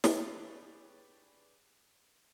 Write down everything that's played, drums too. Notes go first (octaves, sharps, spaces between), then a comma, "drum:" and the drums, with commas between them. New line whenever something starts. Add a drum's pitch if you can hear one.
D4 G4 G#4 B4 C#5 D5, drum: snare